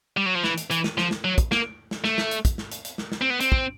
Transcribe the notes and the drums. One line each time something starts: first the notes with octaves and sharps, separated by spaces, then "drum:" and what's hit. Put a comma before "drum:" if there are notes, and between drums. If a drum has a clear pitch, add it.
G3
F#3
F3
E3, drum: snare
drum: hi-hat
E3, drum: hi-hat
drum: snare
F3, drum: snare
drum: snare
F#3
drum: kick, hi-hat
A#3, drum: snare
drum: snare
A3, drum: snare
drum: snare
drum: hi-hat
drum: kick, hi-hat
drum: snare
drum: hi-hat
drum: hi-hat
drum: snare
drum: snare
C4
B3
C4, drum: hi-hat
drum: kick